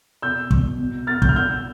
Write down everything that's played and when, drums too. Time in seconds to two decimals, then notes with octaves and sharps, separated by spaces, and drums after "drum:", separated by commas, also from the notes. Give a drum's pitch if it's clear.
0.22 B2 E6 G6
0.51 B2, drum: kick
0.79 B2
1.07 B2 F6 A6
1.22 G6, drum: kick
1.29 F6
1.36 B2 E6 G6